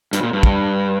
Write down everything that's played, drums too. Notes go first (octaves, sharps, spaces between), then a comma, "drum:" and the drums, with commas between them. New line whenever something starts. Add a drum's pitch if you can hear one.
G2, drum: hi-hat
A#2
G2
drum: kick